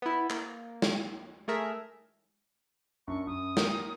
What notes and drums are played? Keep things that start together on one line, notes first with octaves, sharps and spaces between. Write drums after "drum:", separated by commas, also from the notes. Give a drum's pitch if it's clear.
B3 E4
A#3, drum: clap
drum: snare
A3 G#4 A#4 E5
F#2 D4 C#6
F#2 D#6
A#3 A#4, drum: snare